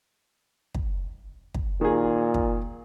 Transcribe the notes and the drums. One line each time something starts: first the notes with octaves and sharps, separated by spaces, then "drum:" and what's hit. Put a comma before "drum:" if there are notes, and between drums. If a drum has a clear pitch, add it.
drum: kick
drum: kick
A#2 D#3 G#4
drum: kick